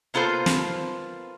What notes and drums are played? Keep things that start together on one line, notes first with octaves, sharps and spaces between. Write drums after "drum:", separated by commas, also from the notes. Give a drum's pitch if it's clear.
A#3 B3 F4 A4 C5
drum: snare